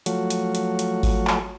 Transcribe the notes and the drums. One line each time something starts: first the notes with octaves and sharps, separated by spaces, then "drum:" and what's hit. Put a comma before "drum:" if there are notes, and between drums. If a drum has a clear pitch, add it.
F3 F#3 A3 F#4 C#5, drum: hi-hat
drum: hi-hat
drum: hi-hat
drum: hi-hat
drum: kick G#1, open hi-hat
drum: clap